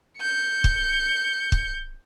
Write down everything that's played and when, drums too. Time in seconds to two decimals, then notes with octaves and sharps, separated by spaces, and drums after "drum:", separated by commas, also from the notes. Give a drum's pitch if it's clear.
0.20 G6 C#7
0.64 drum: kick
1.52 drum: kick